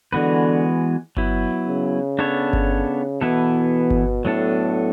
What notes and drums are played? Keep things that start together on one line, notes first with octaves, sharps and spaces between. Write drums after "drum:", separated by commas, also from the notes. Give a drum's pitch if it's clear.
D3 E3 G#3 B3 F#4 B4
F#3 B3 E4, drum: kick G1
C#3
B3 D4 A4 C#5
drum: kick G1
B2 E3 B3 E4 A4
drum: kick G1
A2 F#3 B3 D4 A4